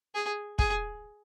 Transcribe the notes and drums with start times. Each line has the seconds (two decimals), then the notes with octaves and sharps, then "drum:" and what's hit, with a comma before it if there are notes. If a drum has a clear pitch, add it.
0.15 G#4
0.59 G#4, drum: kick